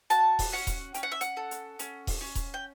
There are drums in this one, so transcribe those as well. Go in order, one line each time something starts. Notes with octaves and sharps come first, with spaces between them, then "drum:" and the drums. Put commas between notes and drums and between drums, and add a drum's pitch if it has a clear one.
F#4 A5, drum: hi-hat
drum: kick D#1, open hi-hat
C#4 F#5
drum: kick D#1, hi-hat
C#4 G5, drum: hi-hat
F#5
E5
F#5, drum: hi-hat
A4
drum: hi-hat
C#4, drum: hi-hat
drum: kick D#1, open hi-hat
C#4
drum: kick D#1, hi-hat
G5